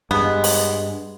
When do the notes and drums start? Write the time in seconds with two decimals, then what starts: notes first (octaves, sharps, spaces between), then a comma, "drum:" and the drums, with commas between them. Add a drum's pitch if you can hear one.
0.11 G2 G#3 B3 G#4
0.44 drum: open hi-hat